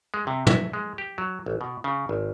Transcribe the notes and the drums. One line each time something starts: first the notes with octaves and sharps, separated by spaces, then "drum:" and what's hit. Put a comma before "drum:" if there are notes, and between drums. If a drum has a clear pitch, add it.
G#3
C3
E5, drum: tom
G#3
G4
F#3
A1
B2
C#3
G#1